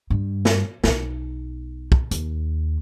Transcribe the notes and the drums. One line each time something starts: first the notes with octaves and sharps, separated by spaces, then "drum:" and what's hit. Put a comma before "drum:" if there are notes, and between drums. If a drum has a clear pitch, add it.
G2
drum: snare A#4
B1 D#4, drum: snare A#4
drum: kick
D#2, drum: hi-hat